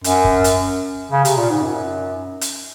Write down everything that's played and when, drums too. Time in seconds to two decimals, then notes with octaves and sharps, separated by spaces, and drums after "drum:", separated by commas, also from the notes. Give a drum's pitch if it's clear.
0.04 F#2, drum: hi-hat
0.25 drum: kick
0.44 drum: hi-hat
1.12 C#3
1.25 C3, drum: hi-hat
1.37 A#2
1.50 G#2
1.63 F#2
2.41 drum: hi-hat